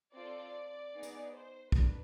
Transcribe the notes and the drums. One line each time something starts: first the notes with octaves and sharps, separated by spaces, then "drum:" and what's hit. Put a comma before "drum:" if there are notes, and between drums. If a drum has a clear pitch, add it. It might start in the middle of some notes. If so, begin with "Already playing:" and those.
C4 F4 A4 D5
B3 D#4 G#4
drum: hi-hat
C5
D4 B4, drum: kick